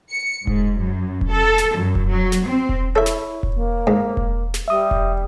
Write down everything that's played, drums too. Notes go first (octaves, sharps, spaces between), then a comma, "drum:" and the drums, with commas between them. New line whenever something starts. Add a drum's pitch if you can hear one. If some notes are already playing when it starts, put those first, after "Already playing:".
C#7
G#2, drum: kick E1
F#2
drum: kick E1
A4
drum: snare
F#2
drum: kick E1
F#3
drum: snare
C4
drum: kick E1
E4 A4 C#5 E5
drum: snare
drum: kick E1
A#3
G#2
drum: kick E1
drum: snare
G3 E5 D#6
drum: kick E1